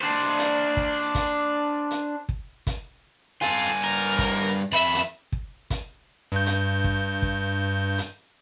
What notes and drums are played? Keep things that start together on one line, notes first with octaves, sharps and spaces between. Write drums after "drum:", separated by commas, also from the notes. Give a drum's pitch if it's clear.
D4 C5
drum: hi-hat
drum: kick
drum: kick, hi-hat
drum: hi-hat
drum: kick
drum: kick, hi-hat
G2 F4 A4 G#5, drum: hi-hat
A#4
drum: kick, hi-hat
F2 E5 B5
drum: hi-hat
drum: kick
drum: kick, hi-hat
G2 G6
drum: hi-hat
drum: kick
drum: kick
drum: hi-hat